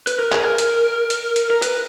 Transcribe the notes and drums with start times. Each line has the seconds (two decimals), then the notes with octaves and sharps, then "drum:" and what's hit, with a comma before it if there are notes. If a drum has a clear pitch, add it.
0.07 B4, drum: hi-hat
0.19 A#4
0.32 G#4, drum: clap
0.45 A#4
0.58 drum: hi-hat
1.10 drum: hi-hat
1.36 drum: hi-hat
1.50 A#4
1.62 B4, drum: hi-hat